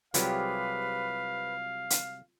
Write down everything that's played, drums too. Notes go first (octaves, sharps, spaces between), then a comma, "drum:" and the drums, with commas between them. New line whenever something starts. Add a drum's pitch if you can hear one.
C2 C3 F#3 F4 G4 G#4 B4 F5, drum: hi-hat
drum: hi-hat